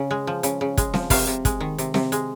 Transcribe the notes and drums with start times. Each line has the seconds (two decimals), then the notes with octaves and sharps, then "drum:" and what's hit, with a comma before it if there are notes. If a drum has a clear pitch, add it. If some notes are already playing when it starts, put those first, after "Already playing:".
Already playing: C#3
0.11 G#3
0.27 F3
0.43 C#3, drum: hi-hat
0.61 C#3
0.77 G#3, drum: kick, hi-hat
0.94 F3, drum: snare C4
1.10 C3 F5, drum: kick, open hi-hat
1.27 C3
1.45 G#3, drum: kick, hi-hat
1.60 D#3
1.78 C3, drum: hi-hat
1.94 C3, drum: snare C4
2.12 G#3, drum: hi-hat